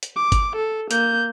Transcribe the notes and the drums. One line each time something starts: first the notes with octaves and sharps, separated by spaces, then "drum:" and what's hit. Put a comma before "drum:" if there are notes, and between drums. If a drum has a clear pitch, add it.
drum: hi-hat
D6
drum: kick G1, hi-hat
A4
A#3 G6, drum: hi-hat